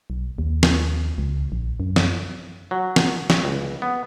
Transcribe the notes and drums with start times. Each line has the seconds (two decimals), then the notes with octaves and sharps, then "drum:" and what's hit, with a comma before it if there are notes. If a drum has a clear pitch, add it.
0.10 B1
0.38 D#2
0.63 drum: snare
1.18 C#2
1.52 A#1
1.80 F#2
1.96 drum: snare
2.71 F#3
2.96 drum: snare
3.30 drum: snare
3.44 C#2
3.82 B3